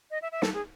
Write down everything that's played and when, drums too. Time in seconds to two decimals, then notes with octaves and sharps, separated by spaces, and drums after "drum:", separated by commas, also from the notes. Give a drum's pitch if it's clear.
0.11 D#5
0.22 E5
0.32 E5
0.42 A4, drum: snare
0.54 G#4